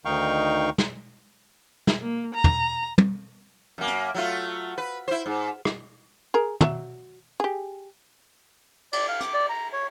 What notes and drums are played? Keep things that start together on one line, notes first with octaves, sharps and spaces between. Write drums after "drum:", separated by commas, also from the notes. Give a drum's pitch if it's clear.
D2 D#3 D#4 F5 G5 C#6
drum: snare
drum: snare
A#3
A#5
drum: tom
drum: tom
F#2 A#3
drum: hi-hat
F#3 A3 F4
B4
E4 C5
G#2
drum: rim click
G#4 A#4
F#3 A4 E5, drum: tom
G4 G#4
D5, drum: cymbal
F5
D6, drum: hi-hat
D5
A#5
C#5